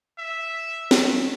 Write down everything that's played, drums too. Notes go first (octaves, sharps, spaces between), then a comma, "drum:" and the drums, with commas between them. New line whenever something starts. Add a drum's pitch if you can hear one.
E5
drum: snare